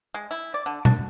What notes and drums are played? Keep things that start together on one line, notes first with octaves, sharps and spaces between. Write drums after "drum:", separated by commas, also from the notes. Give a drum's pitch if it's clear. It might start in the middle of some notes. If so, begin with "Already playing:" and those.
G#3
E4
D5
D3
D4, drum: tom B2